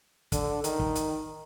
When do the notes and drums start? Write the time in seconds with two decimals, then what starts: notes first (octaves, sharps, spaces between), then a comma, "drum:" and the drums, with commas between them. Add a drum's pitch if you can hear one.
0.32 D3, drum: kick, hi-hat
0.64 D#3, drum: hi-hat
0.80 drum: kick
0.96 drum: hi-hat